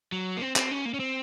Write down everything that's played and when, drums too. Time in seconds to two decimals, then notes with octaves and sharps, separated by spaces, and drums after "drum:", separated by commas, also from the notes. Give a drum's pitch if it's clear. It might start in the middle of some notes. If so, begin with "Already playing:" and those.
0.12 F#3
0.37 A#3
0.42 C4
0.56 C4, drum: clap
0.71 C#4
0.86 A#3
0.94 C#4
1.00 C4